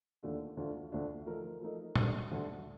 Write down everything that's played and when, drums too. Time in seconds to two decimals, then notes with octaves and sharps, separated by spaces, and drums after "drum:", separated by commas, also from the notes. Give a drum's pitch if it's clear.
0.23 D#2 D3 A3 D4 F4
0.57 D2 D3 A3 D4 F4
0.92 D2 D3 A3 D4 F4
1.26 F3 A3 D#4 A#4
1.61 F3 A3 D#4 A#4
1.96 D2 D3 G3 D4, drum: tom
2.31 D2 D3 G3 D4